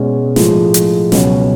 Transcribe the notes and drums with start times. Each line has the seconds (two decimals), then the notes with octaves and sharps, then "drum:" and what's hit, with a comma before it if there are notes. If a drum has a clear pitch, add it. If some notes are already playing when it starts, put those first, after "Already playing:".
Already playing: B2 G#3 C#4 G#4 D5
0.36 A2 F3 G#3, drum: snare
0.74 drum: hi-hat
1.12 C#2 B2 F#3 C#4, drum: snare